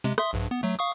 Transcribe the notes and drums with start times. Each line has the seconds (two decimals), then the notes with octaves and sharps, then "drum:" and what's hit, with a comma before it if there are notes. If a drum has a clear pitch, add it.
0.04 C3 G#3, drum: snare
0.18 E5 C6 D#6, drum: rim click
0.33 A#1 G2
0.51 B3
0.63 F#3 A3
0.79 F5 C#6 D#6